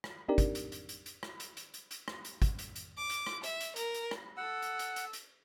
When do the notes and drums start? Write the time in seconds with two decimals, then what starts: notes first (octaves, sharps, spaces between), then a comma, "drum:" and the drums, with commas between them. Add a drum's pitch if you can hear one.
0.04 drum: rim click
0.28 C4 D4 D#4 G4 A#4 D5
0.38 drum: kick, hi-hat
0.55 drum: hi-hat
0.72 drum: hi-hat
0.89 drum: hi-hat
1.06 drum: hi-hat
1.23 drum: rim click
1.40 drum: hi-hat
1.57 drum: hi-hat
1.74 drum: hi-hat
1.91 drum: hi-hat
2.08 drum: rim click
2.25 drum: hi-hat
2.42 drum: kick, hi-hat
2.59 drum: hi-hat
2.76 drum: hi-hat
2.97 D6
3.10 drum: hi-hat
3.26 drum: rim click
3.43 E5, drum: hi-hat
3.60 drum: hi-hat
3.76 A#4, drum: hi-hat
3.94 drum: hi-hat
4.11 drum: rim click
4.37 A4 F#5 E6
4.62 drum: hi-hat
4.79 drum: hi-hat
4.96 drum: hi-hat
5.13 drum: hi-hat